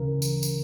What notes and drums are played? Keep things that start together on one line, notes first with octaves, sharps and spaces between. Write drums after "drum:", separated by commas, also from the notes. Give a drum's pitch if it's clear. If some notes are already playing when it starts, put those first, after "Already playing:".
Already playing: D2 C#3 E3 A#4
drum: tambourine
drum: tambourine